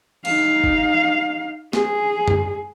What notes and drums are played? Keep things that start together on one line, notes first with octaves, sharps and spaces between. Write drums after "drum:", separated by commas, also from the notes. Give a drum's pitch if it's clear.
D#4 F5, drum: cymbal
drum: kick
G#4, drum: snare
drum: tom F#2